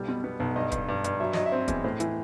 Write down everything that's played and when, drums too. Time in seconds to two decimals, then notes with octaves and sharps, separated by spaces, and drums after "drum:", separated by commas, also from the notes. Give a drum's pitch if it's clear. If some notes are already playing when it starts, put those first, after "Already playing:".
Already playing: B1 G3
0.09 B2
0.24 B3
0.40 B1
0.56 G2 D#5
0.72 G2, drum: kick, hi-hat
0.89 G2
1.04 G2, drum: hi-hat
1.20 F#3 E5
1.33 F#3 D#5, drum: snare
1.46 E5
1.52 C4
1.68 E2, drum: kick, hi-hat
1.84 A2 C5
2.00 E3, drum: hi-hat